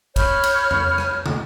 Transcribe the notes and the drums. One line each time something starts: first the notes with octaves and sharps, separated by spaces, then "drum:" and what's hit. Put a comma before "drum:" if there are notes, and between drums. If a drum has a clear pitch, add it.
C#5 B5 F6 G6, drum: kick, cymbal
drum: cymbal
drum: tom E2
drum: rim click
drum: tom